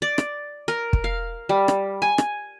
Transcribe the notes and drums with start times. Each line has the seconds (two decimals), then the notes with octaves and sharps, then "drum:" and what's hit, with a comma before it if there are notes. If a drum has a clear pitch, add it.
0.02 D5
0.18 drum: rim click
0.68 A#4
0.93 drum: kick
1.04 F5
1.49 G3
1.68 drum: rim click
2.02 G#5
2.18 drum: rim click